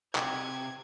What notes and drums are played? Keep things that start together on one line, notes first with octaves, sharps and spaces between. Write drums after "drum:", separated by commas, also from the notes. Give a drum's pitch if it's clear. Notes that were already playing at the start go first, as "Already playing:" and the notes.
C3 E5 G5 D6 G#6, drum: clap